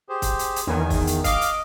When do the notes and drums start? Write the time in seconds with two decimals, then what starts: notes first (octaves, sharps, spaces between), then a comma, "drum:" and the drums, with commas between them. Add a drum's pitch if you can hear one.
0.09 G4 G#4 C5
0.22 drum: kick, hi-hat
0.39 drum: hi-hat
0.56 drum: hi-hat
0.67 E2 D#3 G#5
0.90 drum: kick, open hi-hat
1.07 drum: hi-hat
1.24 D#5 F5 D6, drum: kick, hi-hat
1.41 drum: hi-hat